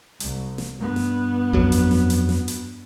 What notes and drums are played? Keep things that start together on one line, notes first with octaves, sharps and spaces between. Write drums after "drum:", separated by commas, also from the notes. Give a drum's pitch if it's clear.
C2, drum: hi-hat
drum: snare
G2 B3
drum: snare
F2 F#3, drum: kick G#1
drum: hi-hat
drum: snare
drum: hi-hat
drum: snare
drum: hi-hat